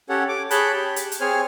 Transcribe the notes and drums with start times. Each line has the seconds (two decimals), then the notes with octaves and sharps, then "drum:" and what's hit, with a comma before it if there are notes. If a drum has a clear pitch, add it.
0.09 C#4 G4 A4 C#5 F#5
0.29 D6
0.51 G#4 C#5 A5 B5 F#6 G6, drum: hi-hat
0.73 G4
0.96 drum: hi-hat
1.12 drum: hi-hat
1.21 C4 G#4 C5 C#5 G#5 F6